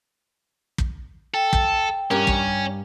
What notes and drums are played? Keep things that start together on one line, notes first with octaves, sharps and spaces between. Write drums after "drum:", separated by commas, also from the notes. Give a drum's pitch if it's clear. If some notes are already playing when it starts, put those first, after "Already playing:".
drum: kick
A4 G5
drum: kick
G2 G3 C#4 A#4
drum: kick